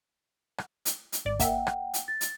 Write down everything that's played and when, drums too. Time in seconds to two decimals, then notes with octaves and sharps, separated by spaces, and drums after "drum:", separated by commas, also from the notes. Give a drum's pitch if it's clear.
0.58 drum: rim click
0.85 drum: hi-hat
1.12 drum: hi-hat
1.25 G#1 D5
1.40 A#3 E5 F#5 G5, drum: kick, hi-hat
1.67 drum: rim click
1.94 drum: hi-hat
2.08 A6
2.21 drum: hi-hat